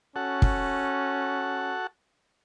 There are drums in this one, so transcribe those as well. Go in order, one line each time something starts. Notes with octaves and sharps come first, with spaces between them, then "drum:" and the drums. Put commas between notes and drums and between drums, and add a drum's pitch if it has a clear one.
C#4 F#4 A4 F#5
drum: kick